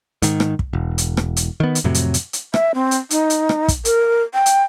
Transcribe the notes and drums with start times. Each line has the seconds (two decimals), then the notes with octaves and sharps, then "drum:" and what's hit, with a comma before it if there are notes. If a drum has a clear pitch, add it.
0.22 G#2 D#3, drum: hi-hat
0.40 drum: rim click
0.59 drum: kick
0.73 E1
0.98 drum: hi-hat
1.17 drum: rim click
1.36 drum: hi-hat
1.60 D#3 B3
1.75 drum: hi-hat
1.84 F2 A2 C3 F#3
1.94 drum: hi-hat
2.14 drum: hi-hat
2.33 drum: hi-hat
2.54 E5, drum: rim click
2.74 C4
2.91 drum: hi-hat
3.10 D#4, drum: hi-hat
3.30 drum: hi-hat
3.49 drum: rim click
3.68 drum: kick, hi-hat
3.85 A#4, drum: hi-hat
4.34 G5
4.46 drum: hi-hat